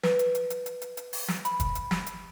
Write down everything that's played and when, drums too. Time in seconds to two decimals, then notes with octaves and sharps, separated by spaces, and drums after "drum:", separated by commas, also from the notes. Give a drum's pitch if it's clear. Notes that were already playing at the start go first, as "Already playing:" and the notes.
0.03 B4, drum: snare
0.19 drum: hi-hat
0.35 drum: hi-hat
0.50 drum: hi-hat
0.66 drum: hi-hat
0.82 drum: hi-hat
0.97 drum: hi-hat
1.13 drum: open hi-hat
1.28 drum: snare
1.45 B5, drum: hi-hat
1.60 drum: kick, hi-hat
1.75 drum: hi-hat
1.91 drum: snare
2.06 drum: hi-hat